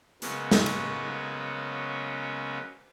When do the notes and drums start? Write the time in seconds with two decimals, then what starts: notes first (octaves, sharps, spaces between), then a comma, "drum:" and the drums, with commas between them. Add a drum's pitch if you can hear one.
0.22 C#3 F#3 G#3 A#3 B3 C#4, drum: hi-hat
0.51 drum: snare
0.66 drum: cymbal